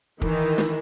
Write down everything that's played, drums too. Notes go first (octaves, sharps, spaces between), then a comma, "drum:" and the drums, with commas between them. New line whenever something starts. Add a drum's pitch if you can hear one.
D#3 E3, drum: kick
drum: snare